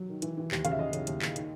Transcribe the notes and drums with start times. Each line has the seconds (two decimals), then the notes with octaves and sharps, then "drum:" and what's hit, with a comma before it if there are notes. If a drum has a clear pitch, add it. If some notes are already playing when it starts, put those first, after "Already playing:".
Already playing: F#3
0.09 D#3
0.22 E3, drum: hi-hat
0.37 E3
0.51 D#2, drum: clap
0.65 C#3 F5, drum: hi-hat
0.72 E5
0.79 C#3 D#5
0.93 C#3, drum: hi-hat
1.07 D#2, drum: hi-hat
1.22 D#2, drum: clap
1.36 D#3, drum: hi-hat